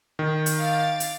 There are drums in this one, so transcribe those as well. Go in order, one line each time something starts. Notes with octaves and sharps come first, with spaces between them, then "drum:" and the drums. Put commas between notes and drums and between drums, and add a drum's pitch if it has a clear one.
D#3
drum: hi-hat
F5 D6 A6
drum: hi-hat